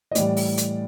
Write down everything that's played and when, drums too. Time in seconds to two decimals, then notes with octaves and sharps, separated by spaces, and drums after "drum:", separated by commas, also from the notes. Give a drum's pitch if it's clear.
0.11 D#5
0.15 A2 E3 G3 D5, drum: hi-hat
0.36 drum: open hi-hat
0.58 drum: hi-hat